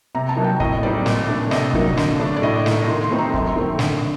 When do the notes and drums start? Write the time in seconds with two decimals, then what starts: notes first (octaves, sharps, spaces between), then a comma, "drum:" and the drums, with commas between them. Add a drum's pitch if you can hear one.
0.15 C3 A#5
0.29 A5
0.37 F#3 A#3 D#4
0.44 G5
0.60 A2 D#5, drum: kick
0.83 G3 C4 D#4 D5
1.06 A#2, drum: snare
1.29 A3 D4
1.51 C3 D#5, drum: snare
1.73 F#3 A#3 D#4, drum: kick
1.97 D3, drum: snare
2.20 A3 D4
2.37 D5
2.42 A2 D#5
2.66 A3 D#4, drum: snare
2.88 D#3 C6
3.04 C6
3.10 A3 C4 D#4
3.18 A#5
3.34 F#2 C6, drum: kick
3.56 D#3 A3 C4
3.79 D3, drum: snare